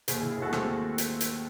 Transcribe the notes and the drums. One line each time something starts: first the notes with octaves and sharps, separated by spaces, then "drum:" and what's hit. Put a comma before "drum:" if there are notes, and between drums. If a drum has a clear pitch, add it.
D#2 G#4 C5, drum: hi-hat
E4 G#4
D#2
E4 G#4
D#2 F#4 A4
A3
D#2 G#3 C4, drum: rim click
D#2
drum: hi-hat
drum: hi-hat